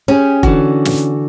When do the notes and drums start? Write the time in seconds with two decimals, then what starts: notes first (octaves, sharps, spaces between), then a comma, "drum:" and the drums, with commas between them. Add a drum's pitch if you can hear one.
0.08 C#4 G4 G#4
0.43 D3 E3 F#4, drum: kick F1
0.85 drum: snare